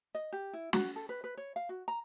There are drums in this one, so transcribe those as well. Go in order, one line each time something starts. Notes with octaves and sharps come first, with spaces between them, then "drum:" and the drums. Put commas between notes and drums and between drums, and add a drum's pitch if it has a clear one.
D#5
G4
E4
F#4, drum: snare
A4
B4
B4
C#5
F5
F#4
A#5